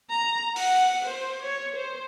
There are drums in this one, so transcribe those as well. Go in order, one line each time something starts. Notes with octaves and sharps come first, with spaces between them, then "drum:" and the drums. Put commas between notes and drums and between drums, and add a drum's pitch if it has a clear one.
A#5
F#5, drum: open hi-hat
C5
C#5
C5